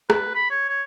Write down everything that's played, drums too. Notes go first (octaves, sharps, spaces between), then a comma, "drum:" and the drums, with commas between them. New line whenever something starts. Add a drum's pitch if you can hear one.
B4, drum: rim click
B5
C#5
C#5